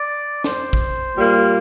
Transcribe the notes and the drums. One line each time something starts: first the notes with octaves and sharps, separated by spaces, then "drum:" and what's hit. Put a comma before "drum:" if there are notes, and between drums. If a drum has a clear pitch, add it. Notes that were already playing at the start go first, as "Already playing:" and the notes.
Already playing: D5
C5, drum: snare
drum: kick
A#2 G3 A#3